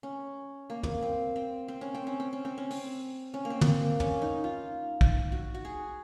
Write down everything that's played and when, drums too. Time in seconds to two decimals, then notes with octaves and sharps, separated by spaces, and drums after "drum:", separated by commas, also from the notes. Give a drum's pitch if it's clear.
0.03 C#4
0.70 A#3
0.83 drum: tom
1.03 C4
1.36 C4
1.68 C4
1.81 C#4
1.95 C4
2.07 C#4
2.20 C4
2.33 C#4
2.45 C4
2.58 C#4
2.71 C4, drum: open hi-hat
3.34 C#4
3.45 A#3
3.50 C4
3.61 C4, drum: tom
3.67 A#3
4.00 C#4, drum: tom
4.22 D#4
4.44 F4
5.01 drum: kick
5.32 F#4
5.54 F#4
5.65 G#4